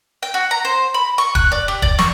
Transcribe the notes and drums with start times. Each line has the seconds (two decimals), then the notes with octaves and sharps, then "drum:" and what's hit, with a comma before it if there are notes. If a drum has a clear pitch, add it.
0.23 G5
0.34 F#4
0.51 A#5
0.65 C5
0.94 B5
1.18 C#6
1.35 F#6, drum: kick
1.52 D5
1.68 G4
1.82 D5, drum: kick
1.99 C#6, drum: snare